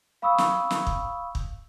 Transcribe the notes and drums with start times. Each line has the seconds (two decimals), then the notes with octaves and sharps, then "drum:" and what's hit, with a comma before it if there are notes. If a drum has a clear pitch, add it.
0.22 F5 B5 C#6 D#6 E6
0.38 drum: snare
0.71 drum: snare
0.87 drum: kick
1.35 drum: kick